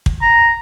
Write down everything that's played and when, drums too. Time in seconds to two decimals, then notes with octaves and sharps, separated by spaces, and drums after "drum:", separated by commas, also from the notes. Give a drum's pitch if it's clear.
0.06 drum: kick
0.22 A#5